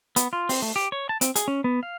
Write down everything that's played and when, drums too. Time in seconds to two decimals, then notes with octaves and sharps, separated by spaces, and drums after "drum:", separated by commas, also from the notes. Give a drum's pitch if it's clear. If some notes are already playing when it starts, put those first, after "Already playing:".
0.16 B3, drum: hi-hat
0.33 F4
0.49 C4, drum: open hi-hat
0.62 A3
0.76 G4
0.92 C#5
1.09 A5
1.21 C4, drum: hi-hat
1.36 G#4, drum: hi-hat
1.48 C#4
1.64 B3
1.83 F5